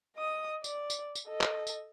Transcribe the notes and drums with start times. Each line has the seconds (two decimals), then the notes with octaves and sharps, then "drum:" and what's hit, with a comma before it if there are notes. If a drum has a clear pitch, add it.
0.16 D#5 D#6
0.64 D5, drum: tambourine
0.90 drum: tambourine
1.15 drum: tambourine
1.27 A4 D#5
1.41 drum: clap
1.67 drum: tambourine